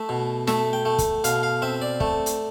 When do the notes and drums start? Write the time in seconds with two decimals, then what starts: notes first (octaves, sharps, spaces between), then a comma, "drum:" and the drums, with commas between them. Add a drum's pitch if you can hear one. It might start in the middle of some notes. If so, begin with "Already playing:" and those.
Already playing: A3 E5
0.09 B2
0.47 A3 E5, drum: snare
0.73 G5
0.85 A3
0.98 drum: kick, hi-hat
1.24 B2 F5, drum: hi-hat
1.43 F5
1.62 C4 E5
1.82 D5
2.00 A3, drum: kick
2.26 drum: hi-hat